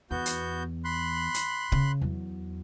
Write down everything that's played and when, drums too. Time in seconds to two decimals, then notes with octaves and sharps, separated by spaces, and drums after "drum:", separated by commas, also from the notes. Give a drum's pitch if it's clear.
0.11 E2 B3 F#4 G6
0.26 drum: hi-hat
0.84 B5 C6 F#6
1.34 drum: hi-hat
1.72 C#3, drum: kick
2.01 E2 F#3